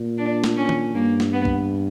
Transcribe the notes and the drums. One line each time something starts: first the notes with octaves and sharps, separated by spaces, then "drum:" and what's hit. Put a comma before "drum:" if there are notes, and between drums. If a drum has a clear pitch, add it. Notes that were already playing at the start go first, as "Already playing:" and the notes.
Already playing: A#2
D4
drum: snare
C#4
drum: tom D#3
G2 A#3
drum: snare
B3
drum: kick